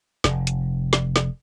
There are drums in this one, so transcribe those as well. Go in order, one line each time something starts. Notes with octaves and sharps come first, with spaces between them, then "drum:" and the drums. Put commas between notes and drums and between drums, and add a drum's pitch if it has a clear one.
F1, drum: snare
drum: hi-hat
drum: snare
drum: snare